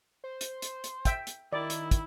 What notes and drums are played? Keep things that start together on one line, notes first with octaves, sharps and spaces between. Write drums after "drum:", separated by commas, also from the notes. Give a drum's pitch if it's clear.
C5
drum: hi-hat
drum: hi-hat
drum: hi-hat
E5 G5, drum: kick, hi-hat
drum: hi-hat
D#3 E4 D5
drum: hi-hat
drum: kick, hi-hat